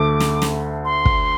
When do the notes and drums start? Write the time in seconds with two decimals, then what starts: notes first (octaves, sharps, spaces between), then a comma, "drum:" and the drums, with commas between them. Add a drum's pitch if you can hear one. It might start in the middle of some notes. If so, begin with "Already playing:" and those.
Already playing: D2 D3 A3 D6
0.20 drum: snare
0.42 drum: snare
0.85 C6
1.05 drum: kick